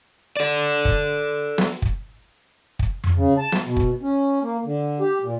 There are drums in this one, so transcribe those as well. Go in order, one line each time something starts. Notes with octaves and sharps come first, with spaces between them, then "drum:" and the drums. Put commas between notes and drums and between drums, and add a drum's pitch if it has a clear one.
A4 D5
drum: kick
drum: snare
drum: kick
drum: kick
drum: tom F2
C#3
A5
drum: snare
B2
drum: kick
C#4
A#3
D3
G4
A#2